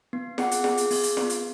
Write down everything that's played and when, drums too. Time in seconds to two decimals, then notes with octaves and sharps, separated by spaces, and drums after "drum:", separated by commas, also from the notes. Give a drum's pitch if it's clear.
0.13 B3
0.38 G#4 F#5, drum: snare
0.51 drum: hi-hat
0.64 G#4, drum: snare
0.78 drum: hi-hat
0.91 B3, drum: open hi-hat
1.04 drum: hi-hat
1.17 B3, drum: snare
1.30 drum: hi-hat